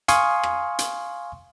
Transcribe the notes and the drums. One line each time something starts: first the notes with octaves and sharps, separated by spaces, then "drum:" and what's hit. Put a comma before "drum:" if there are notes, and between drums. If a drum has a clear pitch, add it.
F5 G#5 C6 C#6 D#6, drum: hi-hat
drum: rim click
drum: hi-hat